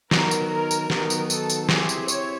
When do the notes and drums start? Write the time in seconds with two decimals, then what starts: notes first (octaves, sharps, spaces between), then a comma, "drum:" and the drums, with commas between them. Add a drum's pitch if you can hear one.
0.11 D#3 F#3 B3 D#4 A#4, drum: snare
0.31 drum: tambourine
0.51 A#4
0.71 drum: tambourine
0.90 D#3 F#3 B3 D#4 A#4, drum: snare
1.10 drum: tambourine
1.30 A4, drum: tambourine
1.50 drum: tambourine
1.69 C4 E4 G4 G#4 C5, drum: snare
1.89 drum: tambourine
2.08 C#5, drum: tambourine